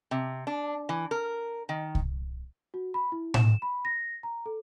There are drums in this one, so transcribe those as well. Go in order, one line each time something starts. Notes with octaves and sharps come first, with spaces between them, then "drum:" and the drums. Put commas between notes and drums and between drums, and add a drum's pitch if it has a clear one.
C3
D4
E3
A#4
D#3
drum: kick C2
F#4
B5
E4
E7, drum: tom A2
B5
A#6
A#5
A4